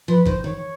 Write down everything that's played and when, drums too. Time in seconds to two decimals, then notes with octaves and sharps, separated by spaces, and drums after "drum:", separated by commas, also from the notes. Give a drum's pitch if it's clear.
0.08 F3 B4
0.25 D#3 C5, drum: kick G#1
0.43 D#3 C#5